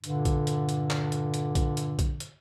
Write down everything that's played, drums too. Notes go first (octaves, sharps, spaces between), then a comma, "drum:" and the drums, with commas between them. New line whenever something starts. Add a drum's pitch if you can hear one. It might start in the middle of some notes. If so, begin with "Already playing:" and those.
G2 A#2 D3, drum: hi-hat
drum: kick, hi-hat
drum: hi-hat
drum: hi-hat
drum: clap
drum: hi-hat
drum: hi-hat
drum: kick, hi-hat
drum: hi-hat
drum: kick, hi-hat
drum: hi-hat